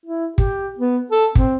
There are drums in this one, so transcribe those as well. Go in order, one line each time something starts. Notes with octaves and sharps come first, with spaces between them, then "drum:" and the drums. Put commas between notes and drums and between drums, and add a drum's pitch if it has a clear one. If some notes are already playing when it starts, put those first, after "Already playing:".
E4
G4, drum: kick
B3
A4
C4, drum: kick